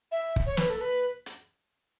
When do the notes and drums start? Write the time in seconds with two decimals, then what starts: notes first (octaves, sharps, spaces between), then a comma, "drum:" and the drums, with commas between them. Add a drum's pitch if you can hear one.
0.12 E5
0.36 drum: kick
0.46 C#5
0.57 B4, drum: snare
0.70 A4
0.81 B4
1.26 drum: hi-hat